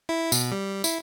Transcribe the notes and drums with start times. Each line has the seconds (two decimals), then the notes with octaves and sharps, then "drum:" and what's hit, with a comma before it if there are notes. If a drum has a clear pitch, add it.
0.09 E4
0.32 B2, drum: tambourine
0.52 G3
0.84 E4, drum: tambourine